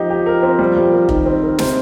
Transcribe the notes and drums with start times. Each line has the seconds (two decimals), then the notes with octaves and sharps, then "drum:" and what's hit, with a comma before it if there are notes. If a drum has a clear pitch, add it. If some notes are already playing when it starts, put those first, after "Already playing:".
Already playing: F3 D#4 G4
0.10 G4
0.26 A#4
0.43 C4
0.59 G3
0.77 G3
0.92 A#4
1.09 D#3 A#4, drum: kick F1
1.26 C4
1.43 A#4
1.59 C3 C5, drum: snare